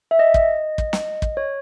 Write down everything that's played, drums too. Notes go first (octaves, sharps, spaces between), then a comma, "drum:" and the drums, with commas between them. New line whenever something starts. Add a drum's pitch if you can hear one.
E5
D#5
drum: kick
drum: kick
drum: snare
drum: kick
C#5